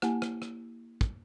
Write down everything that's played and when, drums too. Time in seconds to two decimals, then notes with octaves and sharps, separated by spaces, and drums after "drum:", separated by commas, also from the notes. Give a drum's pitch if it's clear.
0.02 A#3 E4 G4 F#5 G#5, drum: rim click
0.22 drum: rim click
0.42 drum: rim click
1.01 drum: kick